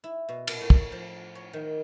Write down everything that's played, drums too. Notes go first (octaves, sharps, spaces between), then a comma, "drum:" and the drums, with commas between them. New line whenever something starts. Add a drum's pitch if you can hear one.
E4
B2
A#2, drum: cymbal
A2
drum: kick
C#5
F3
C#5
D#3